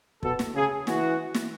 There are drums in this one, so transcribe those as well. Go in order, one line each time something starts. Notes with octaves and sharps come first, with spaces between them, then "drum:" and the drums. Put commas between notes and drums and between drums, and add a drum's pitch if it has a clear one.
B2 A4, drum: kick
drum: snare
C#3 G#4
E3 F#4, drum: snare
drum: snare